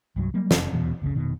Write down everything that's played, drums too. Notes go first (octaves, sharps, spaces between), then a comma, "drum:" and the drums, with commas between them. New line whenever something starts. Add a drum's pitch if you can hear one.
C2 G2 F#3
F#3 G3 A#3
F1, drum: snare
D#1 E2 B2
F#1 C#2 A#2 C#3
F1 B2 D#3